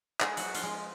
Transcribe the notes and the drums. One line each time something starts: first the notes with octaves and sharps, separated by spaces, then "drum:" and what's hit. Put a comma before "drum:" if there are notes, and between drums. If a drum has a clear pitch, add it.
G#3 G#4, drum: clap
F#3 F#4, drum: hi-hat
F3 F4, drum: hi-hat
G#3